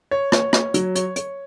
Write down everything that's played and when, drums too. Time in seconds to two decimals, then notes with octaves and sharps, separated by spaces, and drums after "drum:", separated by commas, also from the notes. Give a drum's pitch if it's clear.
0.11 C#5
0.32 C#5, drum: rim click
0.53 C#5, drum: rim click
0.74 F#3, drum: hi-hat
0.95 C#5, drum: hi-hat
1.16 C#5, drum: hi-hat